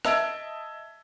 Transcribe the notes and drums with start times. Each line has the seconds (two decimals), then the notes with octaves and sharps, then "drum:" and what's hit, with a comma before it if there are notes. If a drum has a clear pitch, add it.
0.05 D#5 E5 A5 E6 G#6 D7, drum: rim click